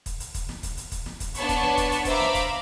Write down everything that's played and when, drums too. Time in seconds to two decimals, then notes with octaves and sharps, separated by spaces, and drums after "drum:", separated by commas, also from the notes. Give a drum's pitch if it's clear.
0.06 drum: kick, hi-hat
0.20 drum: hi-hat
0.34 drum: kick, hi-hat
0.49 drum: snare
0.63 drum: kick, hi-hat
0.77 drum: hi-hat
0.92 drum: kick, hi-hat
1.06 drum: snare
1.20 drum: kick, hi-hat
1.35 B3 D4 C#5 A5 B5 C#6, drum: hi-hat
1.49 drum: kick, hi-hat
1.63 drum: snare
1.77 drum: kick, hi-hat
1.92 drum: hi-hat
2.05 C5 E5 F5 A#5 B5 D6, drum: kick, hi-hat
2.20 drum: snare
2.35 drum: kick, hi-hat